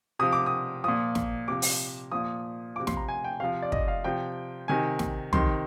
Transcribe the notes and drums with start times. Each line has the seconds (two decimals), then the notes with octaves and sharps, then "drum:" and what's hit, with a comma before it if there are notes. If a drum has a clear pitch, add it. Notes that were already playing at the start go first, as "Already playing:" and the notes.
0.19 C3 F3 D#6
0.32 D6
0.46 D#6
0.84 A#2 F3 D#6
1.15 drum: snare
1.48 C3 F3 D6
1.62 drum: open hi-hat
2.12 A#2 F3 D#6
2.76 C3 F3 D6
2.87 C6, drum: snare
2.97 A#5
3.08 G#5
3.24 G5
3.40 C3 F3 F5
3.62 D5
3.72 D#5, drum: kick
3.88 F5
4.04 C3 F3 G5
4.68 C3 D#3 G#5
4.99 drum: snare
5.33 C3 D#3 C6, drum: tom